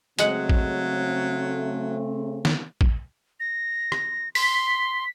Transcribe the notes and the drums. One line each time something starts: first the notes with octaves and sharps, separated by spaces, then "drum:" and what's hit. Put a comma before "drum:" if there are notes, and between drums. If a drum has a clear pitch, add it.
C#3 F#3 G#3 A3 C4 F#5, drum: hi-hat
drum: kick A1
drum: snare
drum: kick A1
A#6
drum: rim click
C6 B6, drum: open hi-hat